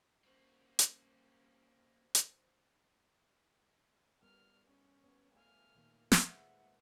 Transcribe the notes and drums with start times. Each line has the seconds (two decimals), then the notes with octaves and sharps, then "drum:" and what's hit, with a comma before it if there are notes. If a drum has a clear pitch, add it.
0.24 G3 A#3 C#4 F#4 G4 C5
0.79 drum: hi-hat
2.15 drum: hi-hat
4.23 G3 B3 A#4 F6
4.66 C#4
5.04 B3 C#5
5.34 A3 F5 G#5 F6
5.75 A#2 D#3 A#3
6.12 drum: snare
6.22 G#3 B4 C5 E5 F#5